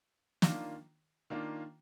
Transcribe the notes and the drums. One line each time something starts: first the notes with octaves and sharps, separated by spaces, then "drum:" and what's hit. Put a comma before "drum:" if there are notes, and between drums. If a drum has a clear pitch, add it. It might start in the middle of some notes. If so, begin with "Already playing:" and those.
D#3 A#3 D4 F4, drum: snare
D#3 A#3 D4 F4